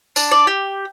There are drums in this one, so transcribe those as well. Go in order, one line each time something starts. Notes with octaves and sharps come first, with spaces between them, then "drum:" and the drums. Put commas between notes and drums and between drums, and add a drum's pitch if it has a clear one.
D4, drum: tambourine
D5
G4